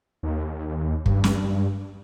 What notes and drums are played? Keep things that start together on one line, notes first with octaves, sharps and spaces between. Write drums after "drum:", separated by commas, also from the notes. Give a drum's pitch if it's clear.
D#2
G2, drum: kick
drum: snare